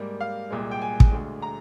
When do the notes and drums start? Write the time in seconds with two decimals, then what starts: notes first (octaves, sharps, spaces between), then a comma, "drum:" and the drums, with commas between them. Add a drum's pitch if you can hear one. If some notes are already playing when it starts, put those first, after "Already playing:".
Already playing: G#2 G3 A#3
0.21 F5
0.50 C2 A#2 G#3
0.71 G5
0.82 G#5
1.00 drum: kick
1.12 D2 D3 G#3
1.42 A#5